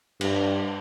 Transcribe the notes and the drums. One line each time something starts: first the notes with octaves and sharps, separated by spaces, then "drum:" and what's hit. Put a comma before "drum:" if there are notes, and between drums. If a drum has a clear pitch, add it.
G2, drum: cymbal